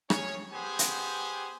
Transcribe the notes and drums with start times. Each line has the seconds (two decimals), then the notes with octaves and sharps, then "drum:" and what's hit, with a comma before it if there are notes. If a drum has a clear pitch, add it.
0.10 C#4 G#4 C#5, drum: rim click
0.53 B3 G4 G#4 C5 G#5
0.79 drum: hi-hat